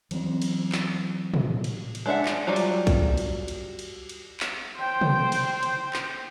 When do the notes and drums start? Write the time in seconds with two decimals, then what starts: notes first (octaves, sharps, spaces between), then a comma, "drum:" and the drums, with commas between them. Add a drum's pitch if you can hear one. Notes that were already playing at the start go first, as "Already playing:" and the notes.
0.11 E3 F#3 A#3 C4, drum: cymbal
0.42 drum: cymbal
0.72 drum: clap
1.34 drum: tom
1.64 drum: cymbal
1.95 drum: cymbal
2.06 G#3 D4 E5 F#5
2.26 drum: clap
2.47 F#3 G3 F4 D5
2.56 drum: cymbal
2.87 drum: kick A#1, cymbal
3.17 drum: cymbal
3.48 drum: cymbal
3.79 drum: cymbal
4.09 drum: cymbal
4.40 drum: clap
4.76 C5 G5
5.01 drum: tom
5.32 drum: cymbal
5.63 drum: cymbal
5.93 drum: clap